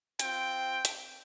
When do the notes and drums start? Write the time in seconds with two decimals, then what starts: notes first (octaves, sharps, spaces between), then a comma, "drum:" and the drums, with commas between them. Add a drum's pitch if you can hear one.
0.19 C4 F4 G5, drum: hi-hat
0.85 drum: hi-hat